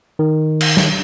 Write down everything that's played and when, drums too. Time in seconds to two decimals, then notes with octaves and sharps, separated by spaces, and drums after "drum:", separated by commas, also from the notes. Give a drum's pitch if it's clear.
0.19 D#3
0.61 drum: cymbal
0.77 drum: snare